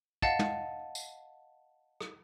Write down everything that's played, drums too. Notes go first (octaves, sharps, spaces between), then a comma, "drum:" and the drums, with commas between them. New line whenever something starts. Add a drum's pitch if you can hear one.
D#5 F5 F#5 A5 A6, drum: kick
drum: tom
drum: tambourine
drum: rim click